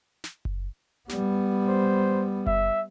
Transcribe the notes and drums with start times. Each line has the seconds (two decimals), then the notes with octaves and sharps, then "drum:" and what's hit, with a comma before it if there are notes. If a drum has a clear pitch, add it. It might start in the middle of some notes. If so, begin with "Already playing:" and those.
0.24 drum: snare
0.45 drum: kick F#1
1.10 G3 B3, drum: snare
1.68 C5
2.47 E5, drum: kick F#1